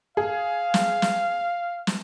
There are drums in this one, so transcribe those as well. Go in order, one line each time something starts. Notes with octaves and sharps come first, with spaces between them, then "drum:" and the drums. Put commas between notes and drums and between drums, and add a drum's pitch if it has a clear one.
G#4 F5
drum: snare
drum: snare
drum: snare